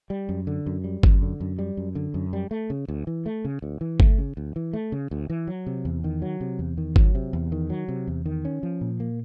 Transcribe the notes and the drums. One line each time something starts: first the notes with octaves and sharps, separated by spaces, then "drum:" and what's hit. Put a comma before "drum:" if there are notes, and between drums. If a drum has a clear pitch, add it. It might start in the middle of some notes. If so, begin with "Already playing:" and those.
G3
F#2
D3
F#2
G3
F#2, drum: kick G1
D3
F#2
G3
F#2
D3
F#2
G3
A3
C#3
D2
E3
A3
C#3
D2
E3
A3, drum: kick G1
C#3
D2
E3
A3
C#3
D2
E3
F#3
C3
E2
D#3
F#3
C3
E2
D#3
F#3, drum: kick G1
C3
E2
D#3
F#3
C3
E2
D#3
C#4
F3
A#2
A#3